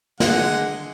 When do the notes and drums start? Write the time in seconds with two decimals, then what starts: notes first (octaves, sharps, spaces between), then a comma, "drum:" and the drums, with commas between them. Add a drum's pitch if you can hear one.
0.20 D3 G#3 F#5, drum: snare